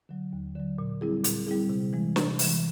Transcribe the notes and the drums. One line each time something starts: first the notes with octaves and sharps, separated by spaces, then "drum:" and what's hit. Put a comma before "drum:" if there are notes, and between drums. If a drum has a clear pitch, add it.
D3 F#3
D#2
D3 F#3
A#2
G3 C4 E4 G#4
A#2, drum: hi-hat
G3 C4 E4 G#4
C3
E3 G#3
C3, drum: snare
E3 G#3, drum: open hi-hat